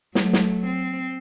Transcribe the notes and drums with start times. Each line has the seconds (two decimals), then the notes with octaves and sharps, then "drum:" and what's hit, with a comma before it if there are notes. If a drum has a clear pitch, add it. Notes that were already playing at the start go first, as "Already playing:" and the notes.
0.15 F#3 A3, drum: snare
0.33 drum: snare
0.67 C4